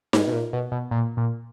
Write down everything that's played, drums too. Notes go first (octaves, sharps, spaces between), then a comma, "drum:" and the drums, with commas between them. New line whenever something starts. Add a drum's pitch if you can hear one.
G#2, drum: snare D#4
B2
A#2
B2
B2
A#2
A#2